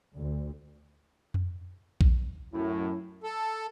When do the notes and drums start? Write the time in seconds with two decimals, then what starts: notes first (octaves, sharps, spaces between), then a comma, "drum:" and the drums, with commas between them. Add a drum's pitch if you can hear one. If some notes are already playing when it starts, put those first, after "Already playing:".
0.15 D2
1.34 drum: tom F2
2.01 drum: kick A#1
2.53 F#2 A2 E4
3.23 A4